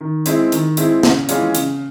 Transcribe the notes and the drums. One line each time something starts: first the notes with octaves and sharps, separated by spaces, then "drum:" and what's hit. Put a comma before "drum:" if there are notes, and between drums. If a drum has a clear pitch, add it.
D#3
G#3 C4 E4, drum: hi-hat
D#3, drum: hi-hat
G#3 C4 E4, drum: hi-hat
C#3, drum: snare
E3 G#3 C#4 F4, drum: hi-hat
C#3, drum: hi-hat